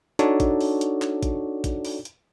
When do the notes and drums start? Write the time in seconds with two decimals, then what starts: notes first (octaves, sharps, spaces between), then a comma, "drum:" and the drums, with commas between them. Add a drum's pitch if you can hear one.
0.19 D4 D#4 F#4 A4 C#5 D5, drum: hi-hat
0.40 drum: kick, hi-hat
0.61 drum: open hi-hat
0.81 drum: hi-hat
1.02 drum: clap
1.23 drum: kick, hi-hat
1.64 drum: kick, hi-hat
1.85 drum: open hi-hat
2.05 drum: hi-hat